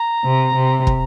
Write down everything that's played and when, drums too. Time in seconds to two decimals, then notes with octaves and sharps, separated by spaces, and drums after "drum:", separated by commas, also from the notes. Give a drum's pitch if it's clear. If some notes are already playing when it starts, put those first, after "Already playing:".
Already playing: A#5
0.24 C3
0.55 C3
0.87 drum: kick